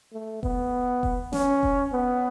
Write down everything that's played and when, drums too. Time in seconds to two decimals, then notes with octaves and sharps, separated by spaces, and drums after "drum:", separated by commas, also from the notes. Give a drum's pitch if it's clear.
0.13 A3
0.43 B3, drum: kick F1
1.03 drum: kick F1
1.33 C#4, drum: snare
1.63 drum: kick F1
1.93 B3